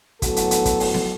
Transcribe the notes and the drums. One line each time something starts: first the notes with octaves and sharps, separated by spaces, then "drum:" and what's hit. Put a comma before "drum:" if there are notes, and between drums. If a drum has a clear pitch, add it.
A2 F#3 B3 F#4 A4, drum: kick, hi-hat
drum: hi-hat
drum: hi-hat
drum: kick, hi-hat
drum: open hi-hat
drum: snare B3